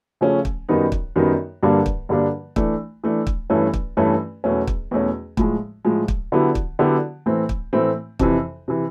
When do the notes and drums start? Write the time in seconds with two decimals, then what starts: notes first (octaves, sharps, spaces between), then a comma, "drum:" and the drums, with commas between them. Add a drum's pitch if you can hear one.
0.21 C#3 F3 A3 C#4
0.45 drum: kick
0.69 F#2 D#3 G3 B3 D#4
0.92 drum: kick
1.16 F#2 D#3 G3 B3 D#4
1.63 G2 D3 G3 A#3 D4
1.86 drum: kick
2.09 G2 D3 G3 A#3 D4
2.56 E3 A3 D4, drum: kick
3.04 E3 A3 D4
3.27 drum: kick
3.50 G2 E3 A3 C#4
3.74 drum: kick
3.97 G2 E3 A3 C#4
4.44 E2 B2 F#3 A3 C#4
4.67 drum: kick
4.91 E2 B2 F#3 A3 C#4
5.37 A2 F3 G#3, drum: kick
5.85 A2 F3 G#3
6.08 drum: kick
6.32 D3 F#3 B3 E4 G4
6.55 drum: kick
6.79 D3 F#3 B3 E4 G4
7.26 A2 E3 A3 C4
7.49 drum: kick
7.73 A2 E3 A3 C4
8.19 F2 C3 E3, drum: kick
8.68 C3 E3